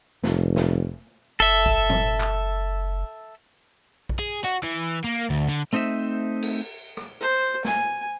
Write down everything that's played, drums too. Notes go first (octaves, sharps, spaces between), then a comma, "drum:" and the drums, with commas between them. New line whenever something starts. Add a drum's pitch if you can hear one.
F1, drum: snare
drum: snare
F#1 A4 E5
drum: kick A#1
drum: tom G#2
drum: clap
drum: kick A#1
G#4
F#4, drum: hi-hat
E3
A#3
D2
D3
A3 C4 D#4 C5 E5
drum: cymbal
drum: rim click
C5
G#5, drum: snare